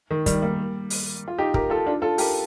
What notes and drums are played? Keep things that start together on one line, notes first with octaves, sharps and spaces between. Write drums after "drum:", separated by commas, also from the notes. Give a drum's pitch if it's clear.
D#3
D#3 G3, drum: kick, hi-hat
G3 A#3
drum: open hi-hat
F4
D#4 G4
G4 A#4, drum: kick
F4 A4
D4 F4
F4 A4
G4 A#4, drum: open hi-hat